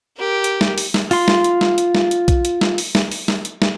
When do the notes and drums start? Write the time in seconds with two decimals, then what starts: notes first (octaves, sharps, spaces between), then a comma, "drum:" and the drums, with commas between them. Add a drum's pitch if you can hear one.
0.17 G4 A#4
0.44 drum: hi-hat
0.61 drum: snare
0.78 drum: open hi-hat
0.94 drum: snare
1.11 F4 C6, drum: open hi-hat
1.28 drum: snare
1.44 drum: hi-hat
1.61 drum: snare
1.78 drum: hi-hat
1.95 drum: snare
2.11 drum: hi-hat
2.28 drum: kick A#1, hi-hat
2.45 drum: hi-hat
2.61 drum: snare
2.78 drum: open hi-hat
2.95 drum: snare
3.12 drum: open hi-hat
3.28 drum: snare
3.45 drum: hi-hat
3.62 drum: snare